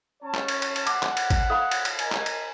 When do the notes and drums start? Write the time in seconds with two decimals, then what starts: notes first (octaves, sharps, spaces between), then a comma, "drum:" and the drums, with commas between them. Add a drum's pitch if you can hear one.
0.23 C#4 C#5 A5
0.35 drum: clap
0.48 drum: cymbal
0.62 drum: cymbal
0.76 drum: cymbal
0.87 F#5 D6, drum: cymbal
1.03 drum: clap
1.17 drum: cymbal
1.30 drum: kick G#1, cymbal
1.50 A4 F5 B5
1.71 drum: cymbal
1.85 drum: cymbal
1.99 A#4 D#5 G#5, drum: cymbal
2.12 drum: clap
2.26 drum: cymbal